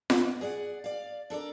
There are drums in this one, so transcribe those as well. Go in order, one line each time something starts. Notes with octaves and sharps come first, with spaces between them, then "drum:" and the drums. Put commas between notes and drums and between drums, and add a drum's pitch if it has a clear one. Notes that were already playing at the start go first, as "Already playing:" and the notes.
B2, drum: snare F4
G#4 D5 D#5 F#5
D5 F5
D4 A4 A#4 D5